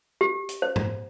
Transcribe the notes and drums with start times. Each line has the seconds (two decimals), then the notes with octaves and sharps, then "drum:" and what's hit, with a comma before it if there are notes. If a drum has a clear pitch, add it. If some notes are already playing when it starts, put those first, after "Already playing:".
0.21 G4
0.49 drum: hi-hat
0.62 C5
0.76 drum: tom G#2